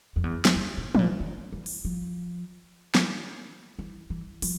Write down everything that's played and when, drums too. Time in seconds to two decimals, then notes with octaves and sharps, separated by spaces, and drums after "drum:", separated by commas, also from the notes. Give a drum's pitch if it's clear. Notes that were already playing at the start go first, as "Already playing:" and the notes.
0.16 F2
0.24 E2
0.45 drum: snare
0.56 F2
0.78 A2
0.95 B2, drum: tom
0.99 A#2
1.20 D#3
1.53 E3
1.66 drum: open hi-hat
1.85 F3
2.95 drum: snare
3.79 E3
4.10 E3
4.42 F3, drum: open hi-hat